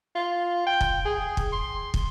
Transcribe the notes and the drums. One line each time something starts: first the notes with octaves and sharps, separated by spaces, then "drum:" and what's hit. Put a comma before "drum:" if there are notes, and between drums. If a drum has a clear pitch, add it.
F4
G5
drum: kick
G#4
drum: kick
C6
drum: kick